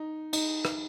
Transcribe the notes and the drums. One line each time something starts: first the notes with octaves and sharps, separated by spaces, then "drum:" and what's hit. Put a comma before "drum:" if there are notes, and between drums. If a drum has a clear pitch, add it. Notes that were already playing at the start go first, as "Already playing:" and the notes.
Already playing: D#4
D#4, drum: cymbal
drum: rim click